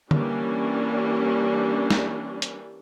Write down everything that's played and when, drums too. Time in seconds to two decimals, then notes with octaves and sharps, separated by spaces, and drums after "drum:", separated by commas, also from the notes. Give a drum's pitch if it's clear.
0.11 E3 G3 A#3 C#4 D4, drum: tom
1.90 drum: snare
2.42 drum: hi-hat